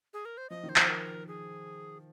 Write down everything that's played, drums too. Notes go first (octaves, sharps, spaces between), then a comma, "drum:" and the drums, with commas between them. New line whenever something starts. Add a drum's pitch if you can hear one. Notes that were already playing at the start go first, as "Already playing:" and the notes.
G#4
A#4
C5
F3 D#5
D#3
C5
F3, drum: clap
A#4
G#4